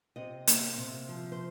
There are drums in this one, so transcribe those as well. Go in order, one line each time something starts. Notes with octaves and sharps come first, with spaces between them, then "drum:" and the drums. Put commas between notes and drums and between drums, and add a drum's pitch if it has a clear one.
C3 D#5
A#3, drum: hi-hat
C3
F3
C5